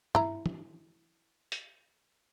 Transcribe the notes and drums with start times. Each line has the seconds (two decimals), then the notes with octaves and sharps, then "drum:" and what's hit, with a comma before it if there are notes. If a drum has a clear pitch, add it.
0.15 E4 A#5, drum: tom
0.46 drum: tom
1.52 drum: hi-hat